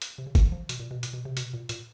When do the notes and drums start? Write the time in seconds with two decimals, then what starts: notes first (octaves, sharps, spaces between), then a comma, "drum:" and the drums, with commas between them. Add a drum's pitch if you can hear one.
0.02 drum: hi-hat
0.18 C3
0.27 C#3
0.35 E3, drum: kick G1, hi-hat
0.52 F3
0.69 B2, drum: hi-hat
0.79 A#2
0.91 B2
1.03 A#2, drum: hi-hat
1.13 B2
1.25 C3
1.37 B2, drum: hi-hat
1.54 A#2
1.69 A#2, drum: hi-hat